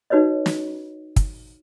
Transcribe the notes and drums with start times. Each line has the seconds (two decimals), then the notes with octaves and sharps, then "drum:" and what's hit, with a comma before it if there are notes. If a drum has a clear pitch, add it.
0.10 D#4 F#4 B4 C#5 D#5
0.46 drum: snare
1.16 drum: kick, hi-hat